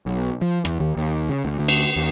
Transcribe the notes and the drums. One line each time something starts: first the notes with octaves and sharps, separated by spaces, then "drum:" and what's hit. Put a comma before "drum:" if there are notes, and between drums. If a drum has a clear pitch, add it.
B1
F3
E2, drum: rim click
D#2
D#2
C#3
D2
D2
drum: cymbal
D#2